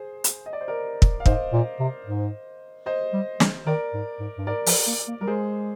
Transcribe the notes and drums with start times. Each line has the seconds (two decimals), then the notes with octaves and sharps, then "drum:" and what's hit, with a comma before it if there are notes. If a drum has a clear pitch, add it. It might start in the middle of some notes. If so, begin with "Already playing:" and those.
Already playing: G#4 C5
0.24 drum: hi-hat
0.46 D#5
0.53 D5
0.61 C5
0.68 A#4 D5
1.02 drum: kick
1.20 F5
1.26 G#2 C5 D#5, drum: kick
1.53 A#2
1.79 C3
2.06 G#2
2.86 C5 D#5
3.13 G3
3.40 G3, drum: snare
3.66 D#3 A#4 D5
3.94 G#2
4.20 G#2
4.38 G2
4.47 G#2 A#4 D5
4.66 F3, drum: open hi-hat
4.87 A#3
5.08 A#3
5.21 G3 A#4
5.27 G#3 G#4 C5